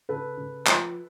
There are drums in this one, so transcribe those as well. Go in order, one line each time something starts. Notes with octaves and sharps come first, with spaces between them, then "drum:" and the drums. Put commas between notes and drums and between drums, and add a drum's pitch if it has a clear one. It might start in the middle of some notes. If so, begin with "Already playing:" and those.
C#3 A4 B4
C#3
F3, drum: clap